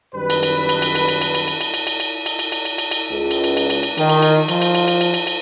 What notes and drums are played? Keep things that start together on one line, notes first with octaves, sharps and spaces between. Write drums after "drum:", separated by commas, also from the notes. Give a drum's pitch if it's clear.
F#2 D#3 G3 B4
drum: cymbal
drum: cymbal
drum: cymbal
drum: cymbal
drum: cymbal
drum: cymbal
drum: cymbal
drum: cymbal
drum: cymbal
drum: cymbal
drum: cymbal
drum: cymbal
drum: cymbal
drum: cymbal
drum: cymbal
drum: cymbal
drum: cymbal
drum: cymbal
drum: cymbal
C#2
drum: cymbal
drum: cymbal
drum: cymbal
drum: cymbal
drum: cymbal
D#3, drum: cymbal
drum: cymbal
drum: cymbal
F3, drum: cymbal
drum: cymbal
drum: cymbal
drum: cymbal
drum: cymbal
drum: cymbal
drum: cymbal